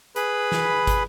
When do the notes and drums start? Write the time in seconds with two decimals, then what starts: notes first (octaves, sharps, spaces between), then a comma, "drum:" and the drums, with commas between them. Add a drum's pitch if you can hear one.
0.16 G#4 B4 B5, drum: hi-hat
0.52 drum: snare
0.87 drum: kick, hi-hat